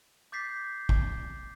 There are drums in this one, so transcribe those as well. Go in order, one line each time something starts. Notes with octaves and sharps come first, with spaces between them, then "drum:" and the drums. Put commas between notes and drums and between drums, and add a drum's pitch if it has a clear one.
D6 G6 A6 B6 C7
drum: kick